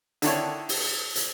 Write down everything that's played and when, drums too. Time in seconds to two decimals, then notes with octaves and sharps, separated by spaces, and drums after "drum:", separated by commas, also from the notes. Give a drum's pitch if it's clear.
0.22 D3 D#3 D4 E4 A4 C#5, drum: hi-hat
0.69 drum: open hi-hat
1.16 drum: hi-hat